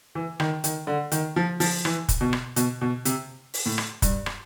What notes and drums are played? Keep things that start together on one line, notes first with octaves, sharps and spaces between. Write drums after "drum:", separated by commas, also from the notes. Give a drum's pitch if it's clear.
E3
D#3, drum: rim click
D#3, drum: hi-hat
D3
D#3, drum: hi-hat
F3
F3, drum: open hi-hat
E3, drum: rim click
drum: kick, hi-hat
B2
drum: rim click
B2, drum: hi-hat
B2
C3, drum: hi-hat
drum: open hi-hat
A2
drum: rim click
G2, drum: kick, hi-hat
drum: rim click